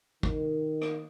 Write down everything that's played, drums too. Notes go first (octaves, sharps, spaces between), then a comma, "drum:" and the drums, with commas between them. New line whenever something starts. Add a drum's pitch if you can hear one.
D#3, drum: kick
drum: rim click